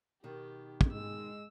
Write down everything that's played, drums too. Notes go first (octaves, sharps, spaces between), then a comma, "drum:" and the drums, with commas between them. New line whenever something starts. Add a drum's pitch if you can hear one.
B2 D#3 G4
drum: kick
G#3 E6